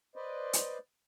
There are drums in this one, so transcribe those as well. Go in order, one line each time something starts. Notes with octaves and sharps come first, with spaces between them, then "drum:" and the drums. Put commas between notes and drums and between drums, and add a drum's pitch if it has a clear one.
B4 C5 D5 D#5
drum: hi-hat